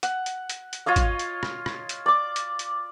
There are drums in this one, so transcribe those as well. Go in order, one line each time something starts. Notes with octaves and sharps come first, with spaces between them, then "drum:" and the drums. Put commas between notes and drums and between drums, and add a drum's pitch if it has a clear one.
F#5, drum: hi-hat
drum: hi-hat
drum: hi-hat
drum: hi-hat
F4 C#5 D#5 F5
drum: kick G#1, hi-hat
drum: hi-hat
drum: rim click
drum: rim click
drum: hi-hat
D5 D6
drum: hi-hat
drum: hi-hat